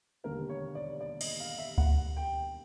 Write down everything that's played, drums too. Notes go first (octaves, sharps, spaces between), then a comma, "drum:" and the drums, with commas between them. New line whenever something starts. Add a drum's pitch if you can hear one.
E1 D#2 D3 G3 A#4
C#5
D5
D5
D#5, drum: cymbal
F5
E5
F#5, drum: kick D2
G5